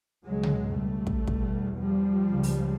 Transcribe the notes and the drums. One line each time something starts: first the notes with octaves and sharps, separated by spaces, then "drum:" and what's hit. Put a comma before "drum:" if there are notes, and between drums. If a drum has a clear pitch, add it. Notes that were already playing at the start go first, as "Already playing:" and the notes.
C#2 B2 F#3 G#3
drum: tom
G3 A3
drum: kick
E2 B2, drum: kick
F3 G3
C#2 C#3
drum: open hi-hat